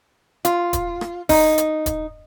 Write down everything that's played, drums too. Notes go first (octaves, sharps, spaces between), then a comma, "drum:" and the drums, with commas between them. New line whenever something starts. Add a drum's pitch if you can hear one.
F4, drum: hi-hat
drum: kick D#1, hi-hat
drum: rim click
D#4, drum: kick D#1, open hi-hat
drum: hi-hat
drum: kick D#1, hi-hat